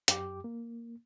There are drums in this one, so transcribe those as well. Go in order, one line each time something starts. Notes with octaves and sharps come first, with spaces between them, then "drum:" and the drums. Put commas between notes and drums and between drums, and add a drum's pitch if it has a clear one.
F#2 G4 G5 D6, drum: hi-hat
A#3